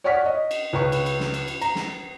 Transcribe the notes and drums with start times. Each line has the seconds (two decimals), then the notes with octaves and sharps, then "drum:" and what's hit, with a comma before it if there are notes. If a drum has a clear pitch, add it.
0.04 C#5 D5 F#5 C#6 F6 B6
0.26 D#5
0.51 drum: cymbal
0.73 C#2 B4 C#6
0.92 drum: cymbal
1.06 drum: cymbal
1.20 drum: snare
1.34 drum: cymbal
1.48 drum: cymbal
1.61 A#5, drum: cymbal
1.75 drum: snare